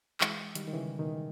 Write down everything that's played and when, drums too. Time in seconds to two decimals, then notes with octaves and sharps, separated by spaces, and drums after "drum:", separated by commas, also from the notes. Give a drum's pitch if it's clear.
0.21 E3 G#3, drum: clap
0.55 D#3 G3, drum: hi-hat
0.67 D#3
0.73 C#3 E3
0.99 B2 D#3